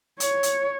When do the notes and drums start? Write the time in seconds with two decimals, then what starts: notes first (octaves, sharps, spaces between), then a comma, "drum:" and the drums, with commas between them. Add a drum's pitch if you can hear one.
0.20 C#5, drum: hi-hat
0.43 drum: hi-hat